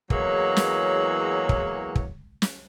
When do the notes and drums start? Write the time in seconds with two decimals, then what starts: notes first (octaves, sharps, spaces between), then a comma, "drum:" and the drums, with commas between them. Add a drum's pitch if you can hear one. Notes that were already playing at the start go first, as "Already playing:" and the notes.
0.10 E2 E3 F#3 G#3 A#3 C#5, drum: kick
0.56 drum: snare
1.49 drum: kick
1.95 drum: kick
2.42 drum: snare